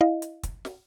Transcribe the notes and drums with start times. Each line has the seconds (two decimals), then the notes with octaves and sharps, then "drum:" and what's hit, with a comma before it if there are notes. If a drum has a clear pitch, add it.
0.01 E4 D#5 F5
0.22 drum: hi-hat
0.43 drum: kick, hi-hat
0.65 drum: snare